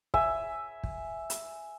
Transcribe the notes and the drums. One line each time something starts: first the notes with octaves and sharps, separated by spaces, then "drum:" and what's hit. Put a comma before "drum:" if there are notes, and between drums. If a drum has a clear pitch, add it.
E5 G#5, drum: kick
drum: kick
drum: hi-hat